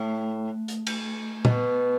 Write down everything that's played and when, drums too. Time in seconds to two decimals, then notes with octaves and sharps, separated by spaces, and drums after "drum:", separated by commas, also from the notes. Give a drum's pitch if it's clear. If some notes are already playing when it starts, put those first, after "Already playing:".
Already playing: A2 A3
0.68 drum: hi-hat
0.87 drum: cymbal
1.45 B2 B3, drum: tom